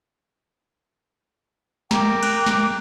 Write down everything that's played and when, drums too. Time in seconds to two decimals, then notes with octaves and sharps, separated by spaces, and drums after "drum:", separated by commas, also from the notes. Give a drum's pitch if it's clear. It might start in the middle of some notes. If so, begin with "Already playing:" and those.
1.91 A#4 G5 A#5 D6, drum: snare
2.23 F#6, drum: cymbal
2.46 drum: snare